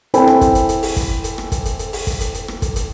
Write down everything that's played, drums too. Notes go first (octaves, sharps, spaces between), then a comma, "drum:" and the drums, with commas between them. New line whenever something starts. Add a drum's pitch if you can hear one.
C4 E4 A4 G5 G#5 B5, drum: hi-hat
drum: rim click
drum: kick, hi-hat
drum: hi-hat
drum: hi-hat
drum: open hi-hat
drum: kick, hi-hat
drum: hi-hat
drum: rim click
drum: kick, hi-hat
drum: hi-hat
drum: hi-hat
drum: open hi-hat
drum: kick, hi-hat
drum: hi-hat
drum: hi-hat
drum: rim click
drum: kick, hi-hat
drum: hi-hat